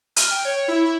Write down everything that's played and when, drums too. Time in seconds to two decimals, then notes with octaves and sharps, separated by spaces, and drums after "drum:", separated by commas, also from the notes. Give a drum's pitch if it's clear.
0.16 F6, drum: hi-hat
0.31 G5
0.45 C#5
0.68 E4
0.85 E4